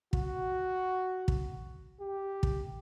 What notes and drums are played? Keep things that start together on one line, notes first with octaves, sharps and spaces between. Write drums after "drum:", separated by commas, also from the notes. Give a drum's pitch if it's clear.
F#4, drum: kick
drum: kick
G4
drum: kick